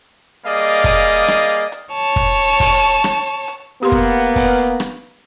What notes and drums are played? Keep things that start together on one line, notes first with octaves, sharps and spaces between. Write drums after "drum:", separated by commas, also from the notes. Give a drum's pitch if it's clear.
G3 A#3 G#4 D5 D#5 F5
drum: kick, open hi-hat
drum: rim click
drum: hi-hat
C#5 A5
drum: kick, hi-hat
drum: kick, open hi-hat
drum: rim click
drum: hi-hat
A#3 B3 G4 B4 C6
drum: kick, hi-hat
drum: kick, open hi-hat
drum: rim click